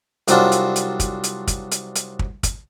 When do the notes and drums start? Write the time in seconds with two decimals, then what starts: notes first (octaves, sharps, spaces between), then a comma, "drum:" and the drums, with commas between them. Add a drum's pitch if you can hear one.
0.28 C2 F#3 C4 D4 F4, drum: hi-hat
0.52 drum: hi-hat
0.76 drum: hi-hat
1.00 drum: kick, hi-hat
1.24 drum: hi-hat
1.47 drum: kick, hi-hat
1.71 drum: hi-hat
1.95 drum: hi-hat
2.19 drum: kick
2.43 drum: kick, hi-hat